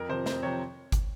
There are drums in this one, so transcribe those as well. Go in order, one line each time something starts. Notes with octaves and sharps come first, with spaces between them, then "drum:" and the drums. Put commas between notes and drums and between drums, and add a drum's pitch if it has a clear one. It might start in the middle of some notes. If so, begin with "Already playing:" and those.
Already playing: F2 A#4
C3 F3 C5
F2 C5, drum: snare
C3 F3 C#5
drum: kick G1, hi-hat